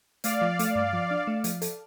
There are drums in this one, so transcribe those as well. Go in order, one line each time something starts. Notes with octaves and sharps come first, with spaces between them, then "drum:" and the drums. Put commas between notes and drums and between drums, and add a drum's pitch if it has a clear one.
A3 D5 F5, drum: hi-hat
F3
A3, drum: hi-hat
G2
F3
D4
A3
F3, drum: hi-hat
A4, drum: hi-hat